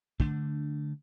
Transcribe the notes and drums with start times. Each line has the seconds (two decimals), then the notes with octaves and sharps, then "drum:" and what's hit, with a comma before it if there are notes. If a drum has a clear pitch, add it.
0.20 D3 A3 D4, drum: kick